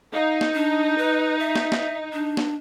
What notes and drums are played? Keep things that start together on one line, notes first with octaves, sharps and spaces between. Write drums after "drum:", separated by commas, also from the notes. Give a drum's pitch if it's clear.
D#4 F5
drum: snare
D4
B4
E5
drum: snare
drum: snare
D4
drum: snare